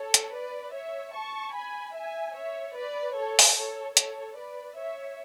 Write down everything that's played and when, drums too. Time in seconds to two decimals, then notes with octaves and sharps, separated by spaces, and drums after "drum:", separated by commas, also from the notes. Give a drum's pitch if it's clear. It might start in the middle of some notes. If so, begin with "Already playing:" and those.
Already playing: A4 C#5
0.14 drum: hi-hat
0.33 B4 D5
0.74 C#5 E5
1.14 A5 C#6
1.55 G#5 B5
1.95 E5 G#5
2.36 C#5 E5
2.76 B4 D5
3.16 A4 C#5
3.39 drum: open hi-hat
3.57 A4 C#5
3.97 A4 C#5, drum: hi-hat
4.37 B4 D5
4.78 C#5 E5